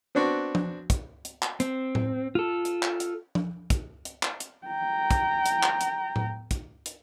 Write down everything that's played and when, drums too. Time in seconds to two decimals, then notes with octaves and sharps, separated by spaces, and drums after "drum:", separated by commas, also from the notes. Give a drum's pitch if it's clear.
0.15 B3 C4 D4 F#4
0.55 drum: tom F3
0.90 drum: kick, hi-hat
1.25 drum: hi-hat
1.42 drum: clap
1.60 C4, drum: hi-hat
1.95 drum: tom A2
2.35 F4 A4
2.65 drum: hi-hat
2.83 drum: clap
3.00 drum: hi-hat
3.35 drum: tom F3
3.70 drum: kick, hi-hat
4.05 drum: hi-hat
4.23 drum: clap
4.40 drum: hi-hat
4.67 G5 A#5
5.11 drum: kick, hi-hat
5.46 drum: hi-hat
5.63 drum: clap
5.81 drum: hi-hat
6.16 drum: tom A2
6.51 drum: kick, hi-hat
6.86 drum: hi-hat